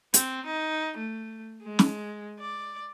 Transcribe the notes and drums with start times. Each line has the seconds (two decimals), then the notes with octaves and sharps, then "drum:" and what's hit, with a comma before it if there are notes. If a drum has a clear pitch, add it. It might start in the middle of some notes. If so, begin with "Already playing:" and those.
0.14 C4, drum: hi-hat
0.46 D#4
0.98 A3
1.64 G#3
1.79 drum: snare
2.39 D5